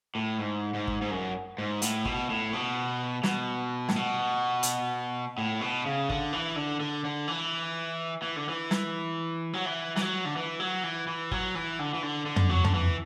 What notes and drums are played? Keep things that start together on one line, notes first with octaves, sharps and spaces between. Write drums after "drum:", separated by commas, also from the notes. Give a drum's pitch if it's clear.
A2
G#2
G#2
drum: kick
G#2
F#2
G#2
A2, drum: hi-hat
B2, drum: kick
A2
B2
B2, drum: snare
A2, drum: snare
B2
drum: hi-hat
A2
B2
C#3
D3, drum: kick
E3
D3
D3
D3
E3
E3
D3
E3
drum: snare
F#3
E3
E3, drum: snare
F#3
D3
E3
F#3
E3
E3
F#3, drum: kick
E3
D3
E3
D3
D3
drum: tom
F#3
D3, drum: tom
E3